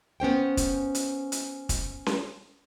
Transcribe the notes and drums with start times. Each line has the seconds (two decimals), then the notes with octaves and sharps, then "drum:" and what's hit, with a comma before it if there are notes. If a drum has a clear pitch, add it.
0.20 B3 C#4 C5 G5
0.57 drum: kick, hi-hat
0.95 drum: hi-hat
1.32 drum: hi-hat
1.69 drum: kick, hi-hat
2.06 drum: snare C#4